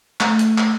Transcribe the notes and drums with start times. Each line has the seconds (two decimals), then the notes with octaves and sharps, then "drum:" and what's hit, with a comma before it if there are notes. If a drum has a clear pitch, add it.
0.20 A3, drum: clap
0.39 drum: hi-hat
0.58 drum: clap